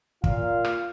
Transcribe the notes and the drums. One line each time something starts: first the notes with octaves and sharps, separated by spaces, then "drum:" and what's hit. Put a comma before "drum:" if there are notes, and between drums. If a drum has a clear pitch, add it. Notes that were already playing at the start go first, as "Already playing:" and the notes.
A#2 F4 F5, drum: kick
drum: rim click